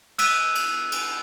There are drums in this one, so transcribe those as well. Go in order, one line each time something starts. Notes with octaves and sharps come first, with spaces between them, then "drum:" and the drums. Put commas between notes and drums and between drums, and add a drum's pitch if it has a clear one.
E6 F#6 B6 D#7, drum: cymbal
drum: cymbal
drum: cymbal